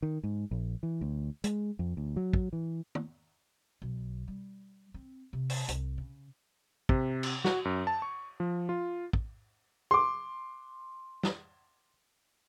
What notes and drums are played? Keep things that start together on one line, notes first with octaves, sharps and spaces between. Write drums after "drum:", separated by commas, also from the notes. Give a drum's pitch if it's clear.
D#3
G#2
A#1
E3
D2
G#3, drum: hi-hat
F2
D2
F#3
drum: kick
E3
drum: tom
B1
G3
C4
C3
drum: open hi-hat
C2, drum: hi-hat
C#3
C3, drum: kick
drum: cymbal
F#4, drum: snare
F#2
A5
C#6
F3
F4
drum: kick
C6 D6
drum: snare